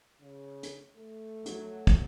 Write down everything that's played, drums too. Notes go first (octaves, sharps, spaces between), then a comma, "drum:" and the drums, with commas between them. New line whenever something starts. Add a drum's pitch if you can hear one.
C#3
drum: hi-hat
A3
F#3, drum: hi-hat
drum: kick, hi-hat